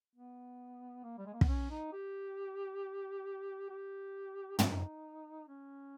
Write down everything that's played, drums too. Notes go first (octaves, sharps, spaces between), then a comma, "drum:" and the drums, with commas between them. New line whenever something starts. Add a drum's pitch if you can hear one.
B3
A#3
G3
G#3
A#3
B3, drum: kick
C#4
D#4
G4
G4
D#4, drum: tom
C#4